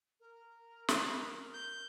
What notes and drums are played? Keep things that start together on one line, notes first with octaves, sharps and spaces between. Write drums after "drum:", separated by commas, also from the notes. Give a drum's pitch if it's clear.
A#4
drum: snare
G6